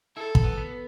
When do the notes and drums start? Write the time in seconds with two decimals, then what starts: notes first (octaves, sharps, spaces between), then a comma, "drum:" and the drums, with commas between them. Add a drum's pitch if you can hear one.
0.17 E4 A4
0.35 drum: kick
0.44 B3
0.58 B3